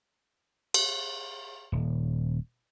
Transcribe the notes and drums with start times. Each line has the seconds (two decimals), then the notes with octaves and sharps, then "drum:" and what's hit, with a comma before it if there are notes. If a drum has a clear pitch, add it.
0.74 drum: cymbal
1.72 D#1